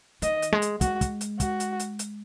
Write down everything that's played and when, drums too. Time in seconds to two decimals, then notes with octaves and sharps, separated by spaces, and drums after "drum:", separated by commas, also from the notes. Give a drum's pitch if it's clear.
0.22 D#3 D#5, drum: hi-hat
0.42 drum: hi-hat
0.52 G#3
0.62 drum: hi-hat
0.81 G#3 F#4, drum: kick, hi-hat
1.01 drum: kick, hi-hat
1.21 drum: hi-hat
1.40 F#4, drum: kick, hi-hat
1.60 drum: hi-hat
1.79 drum: hi-hat
1.99 drum: hi-hat